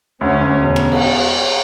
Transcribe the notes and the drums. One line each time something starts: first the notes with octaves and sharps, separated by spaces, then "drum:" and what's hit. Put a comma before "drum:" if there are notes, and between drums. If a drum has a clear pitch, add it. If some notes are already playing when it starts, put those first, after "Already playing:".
D2 C#4
D2
E1
drum: rim click
drum: cymbal